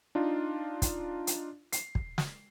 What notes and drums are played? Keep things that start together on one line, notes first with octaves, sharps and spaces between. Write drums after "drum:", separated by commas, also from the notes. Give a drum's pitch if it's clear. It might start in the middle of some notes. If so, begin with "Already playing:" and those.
D4 D#4 F4
drum: kick, hi-hat
drum: hi-hat
C7, drum: hi-hat
drum: kick
drum: snare